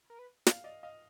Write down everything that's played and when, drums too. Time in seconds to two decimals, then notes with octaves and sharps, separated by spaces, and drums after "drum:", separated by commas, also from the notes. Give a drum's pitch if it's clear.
0.10 A#4
0.19 B4
0.47 D5 F5, drum: snare
0.64 D5 D#5
0.83 D#5 F5